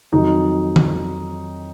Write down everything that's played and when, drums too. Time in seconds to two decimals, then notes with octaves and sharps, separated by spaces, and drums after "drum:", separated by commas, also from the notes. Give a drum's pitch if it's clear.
0.12 F2 D#3 F#3 D#4
0.76 drum: tom D3